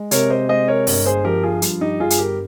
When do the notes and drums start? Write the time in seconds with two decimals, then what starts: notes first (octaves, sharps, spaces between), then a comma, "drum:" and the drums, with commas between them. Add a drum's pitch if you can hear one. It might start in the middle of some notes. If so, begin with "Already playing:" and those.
Already playing: G#3
0.11 C3 A#4 C#5, drum: hi-hat
0.30 C5 D#5
0.49 G#3 C5 D#5
0.68 A#4 C#5
0.87 G1 A#4 C#5, drum: open hi-hat
1.06 G#4 C5
1.25 F3 G4 A#4
1.43 F4 G#4
1.62 G2 F4, drum: hi-hat
1.81 D#4 G4
2.00 G1 F4 G#4
2.10 G#4, drum: hi-hat
2.19 G4 A#4